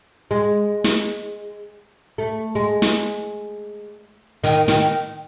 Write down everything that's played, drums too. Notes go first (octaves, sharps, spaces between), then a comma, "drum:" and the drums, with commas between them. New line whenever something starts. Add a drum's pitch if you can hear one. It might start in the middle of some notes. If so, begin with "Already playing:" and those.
G#3
drum: snare
A3
G#3
drum: snare
D#3, drum: hi-hat
D#3, drum: snare